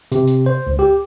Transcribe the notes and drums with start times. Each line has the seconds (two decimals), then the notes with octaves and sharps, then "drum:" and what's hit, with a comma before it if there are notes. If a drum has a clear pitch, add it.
0.12 C3, drum: hi-hat
0.27 drum: hi-hat
0.46 C5
0.67 C#2
0.79 G4